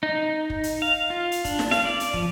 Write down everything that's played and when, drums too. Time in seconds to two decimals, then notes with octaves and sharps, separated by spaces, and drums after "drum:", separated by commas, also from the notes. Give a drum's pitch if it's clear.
0.03 D#4
0.50 drum: kick
0.63 drum: hi-hat
0.82 F5
1.10 F4
1.32 drum: hi-hat
1.45 D4, drum: kick, hi-hat
1.59 drum: snare
1.71 F5, drum: snare
1.85 D5
2.00 drum: hi-hat
2.13 F3, drum: kick